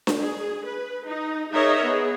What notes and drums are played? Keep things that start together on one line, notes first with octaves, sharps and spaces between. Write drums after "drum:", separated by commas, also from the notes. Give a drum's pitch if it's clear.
drum: snare D4
G#4
B4
D#4
D#4 G#4 A#4 C#5 D#5 E5
B3 G#4